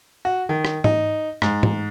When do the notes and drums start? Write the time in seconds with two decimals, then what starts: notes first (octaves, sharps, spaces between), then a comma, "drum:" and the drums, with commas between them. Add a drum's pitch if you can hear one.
0.25 F#4
0.49 D#3
0.65 drum: rim click
0.84 D#4, drum: tom G#2
1.42 G#2, drum: rim click
1.63 drum: tom G#2